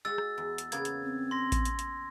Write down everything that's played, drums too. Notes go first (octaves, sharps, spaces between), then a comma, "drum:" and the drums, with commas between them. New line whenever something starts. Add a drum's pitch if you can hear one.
G#3 F#4 E6 A6
drum: rim click
E2
drum: hi-hat
C#3 A#3 B3 G#6, drum: hi-hat
drum: hi-hat
C4
C6 A#6
drum: kick A1, hi-hat
drum: hi-hat
drum: hi-hat